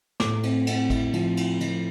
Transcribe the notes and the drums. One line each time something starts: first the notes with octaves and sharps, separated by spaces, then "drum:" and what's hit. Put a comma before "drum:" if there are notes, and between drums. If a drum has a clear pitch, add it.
A2 D6, drum: snare
C4, drum: cymbal
C4, drum: cymbal
E4, drum: kick, cymbal
F3, drum: cymbal
E4, drum: cymbal
F3, drum: cymbal